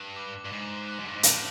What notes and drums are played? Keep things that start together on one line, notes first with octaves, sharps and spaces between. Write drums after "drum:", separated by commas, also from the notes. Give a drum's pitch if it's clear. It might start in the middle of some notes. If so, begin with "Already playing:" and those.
Already playing: G2 F#6
D6
G2
G#2 D6
F#6
F#2
G2
G#2
A2 F#6, drum: hi-hat